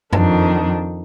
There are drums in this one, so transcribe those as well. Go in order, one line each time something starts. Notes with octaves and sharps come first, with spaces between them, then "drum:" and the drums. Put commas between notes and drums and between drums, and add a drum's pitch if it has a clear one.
F2 D#3 D4, drum: tom F#2